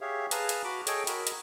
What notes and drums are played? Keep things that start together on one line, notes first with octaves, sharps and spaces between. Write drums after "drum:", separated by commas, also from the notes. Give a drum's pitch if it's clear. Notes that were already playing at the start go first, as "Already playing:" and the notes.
G4 G#4 C#5 E5 F5
G#4 B4 F5 A5 A#5 D#6, drum: hi-hat
drum: hi-hat
F#4 B5 D6
G#4 A4 C#5 D#5 G5, drum: hi-hat
F#4 A#4 B5, drum: hi-hat
drum: hi-hat